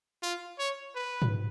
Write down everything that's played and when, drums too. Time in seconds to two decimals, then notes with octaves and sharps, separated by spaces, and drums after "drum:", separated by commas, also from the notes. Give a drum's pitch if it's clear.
0.23 F4
0.59 C#5
0.95 B4
1.22 drum: tom G#2